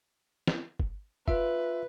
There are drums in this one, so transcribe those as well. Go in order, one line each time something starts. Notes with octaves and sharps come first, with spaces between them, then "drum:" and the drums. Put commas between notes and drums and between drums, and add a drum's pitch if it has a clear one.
drum: snare
drum: kick
F4 B4 E5, drum: kick